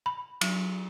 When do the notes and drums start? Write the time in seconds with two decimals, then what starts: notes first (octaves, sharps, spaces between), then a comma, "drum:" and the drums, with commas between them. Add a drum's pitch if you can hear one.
0.06 B5
0.41 F#3, drum: cymbal